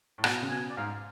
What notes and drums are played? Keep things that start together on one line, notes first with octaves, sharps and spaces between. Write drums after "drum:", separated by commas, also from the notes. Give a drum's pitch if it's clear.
A2
B2 A5, drum: rim click
C#3
B2 G#5
D5
G#2 F5